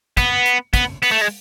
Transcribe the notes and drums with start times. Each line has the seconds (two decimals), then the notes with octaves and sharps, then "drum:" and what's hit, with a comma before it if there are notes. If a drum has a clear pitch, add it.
0.17 B3, drum: kick, hi-hat
0.46 drum: hi-hat
0.74 B3, drum: kick, hi-hat
1.03 B3, drum: open hi-hat
1.11 A3
1.21 G#3